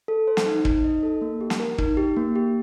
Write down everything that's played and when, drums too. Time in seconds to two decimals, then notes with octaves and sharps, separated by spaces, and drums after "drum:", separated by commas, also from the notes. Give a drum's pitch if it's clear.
0.08 A4
0.27 C5
0.37 drum: snare
0.46 D#4
0.65 D#4, drum: kick
0.84 D#5
1.03 A4
1.21 A#3
1.41 G4
1.50 drum: snare
1.60 A#4
1.78 D#4, drum: kick
1.97 G4
2.17 A#3
2.35 G4